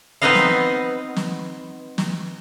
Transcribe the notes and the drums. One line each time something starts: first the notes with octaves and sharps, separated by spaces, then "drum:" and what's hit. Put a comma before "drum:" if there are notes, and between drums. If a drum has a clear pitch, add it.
B3 C4 D#4 B4 D#5 F5
drum: snare
drum: snare
drum: snare